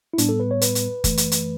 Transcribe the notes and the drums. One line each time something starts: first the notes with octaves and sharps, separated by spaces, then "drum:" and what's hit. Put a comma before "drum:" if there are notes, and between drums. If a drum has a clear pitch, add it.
E4
A2 G3 B3 D4, drum: hi-hat
A4
B4
C#5
B4, drum: hi-hat
drum: hi-hat
F#2 E3 A3, drum: kick F#1, hi-hat
drum: hi-hat
drum: hi-hat